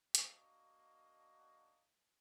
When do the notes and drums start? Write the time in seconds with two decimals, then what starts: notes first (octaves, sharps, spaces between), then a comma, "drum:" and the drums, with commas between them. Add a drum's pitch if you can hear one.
0.15 A#3 D4 F#4 D#5, drum: hi-hat